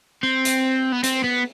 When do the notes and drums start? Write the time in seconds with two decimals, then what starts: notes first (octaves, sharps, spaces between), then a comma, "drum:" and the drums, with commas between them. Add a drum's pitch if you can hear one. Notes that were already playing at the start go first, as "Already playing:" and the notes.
0.23 C4
0.45 drum: hi-hat
0.93 B3
1.04 C4, drum: hi-hat
1.24 B3